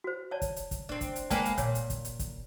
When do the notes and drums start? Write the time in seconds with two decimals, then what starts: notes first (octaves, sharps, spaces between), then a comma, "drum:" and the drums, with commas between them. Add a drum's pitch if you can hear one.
0.04 F#4 C5
0.31 C#5 D5 A5
0.42 drum: kick, hi-hat
0.56 drum: hi-hat
0.71 drum: kick, hi-hat
0.89 C4 D4
1.01 drum: kick, hi-hat
1.16 drum: hi-hat
1.30 G#3 A#3 B4 D5 G5 A5, drum: kick, hi-hat
1.45 drum: hi-hat
1.58 A#2 C#5, drum: kick, hi-hat
1.75 drum: hi-hat
1.90 drum: kick, hi-hat
2.05 drum: hi-hat
2.19 drum: kick, hi-hat